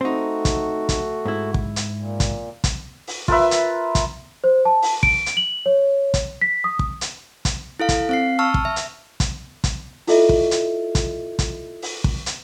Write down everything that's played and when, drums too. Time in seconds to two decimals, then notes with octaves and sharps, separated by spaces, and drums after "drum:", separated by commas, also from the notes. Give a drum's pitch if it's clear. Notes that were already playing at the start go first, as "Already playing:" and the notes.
0.01 A3 C4 D#4 F#4
0.45 drum: kick, hi-hat
0.89 drum: kick, hi-hat
1.25 G#2 E4
1.54 drum: kick
1.76 drum: hi-hat
1.99 A#2
2.20 drum: kick, hi-hat
2.64 drum: kick, hi-hat
3.07 drum: open hi-hat
3.28 F4 A#4 B4 E5, drum: kick
3.51 drum: hi-hat
3.95 drum: kick, hi-hat
4.44 C5
4.65 A5
4.82 drum: open hi-hat
5.03 D7, drum: kick
5.26 drum: hi-hat
5.37 F#7
5.66 C#5
6.14 drum: kick, hi-hat
6.42 B6
6.64 D#6
6.79 drum: kick
7.01 drum: hi-hat
7.45 drum: kick, hi-hat
7.80 E4 A4 F5
7.89 drum: kick, hi-hat
8.09 C4 F5 C7
8.39 A5 C#6 E6 F6
8.54 drum: kick
8.65 E5
8.76 drum: hi-hat
9.20 drum: kick, hi-hat
9.64 drum: kick, hi-hat
10.07 E4 F4 A4 D#5 E5, drum: open hi-hat
10.29 drum: kick
10.51 drum: hi-hat
10.95 drum: kick, hi-hat
11.39 drum: kick, hi-hat
11.82 drum: open hi-hat
12.04 drum: kick
12.26 drum: hi-hat